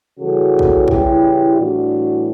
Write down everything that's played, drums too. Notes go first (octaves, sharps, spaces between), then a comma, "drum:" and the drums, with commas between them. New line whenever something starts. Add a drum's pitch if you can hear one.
C#3 E3 G3 F#4 A4
drum: kick
E4 G4, drum: kick
A2 E3 G3 D4 F#4